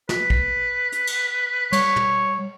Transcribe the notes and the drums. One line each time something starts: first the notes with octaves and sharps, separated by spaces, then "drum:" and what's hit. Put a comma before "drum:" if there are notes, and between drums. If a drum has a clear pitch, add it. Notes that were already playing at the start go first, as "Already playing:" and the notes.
B4, drum: snare
drum: kick
drum: hi-hat
drum: cymbal
G3 C#5, drum: cymbal
drum: tom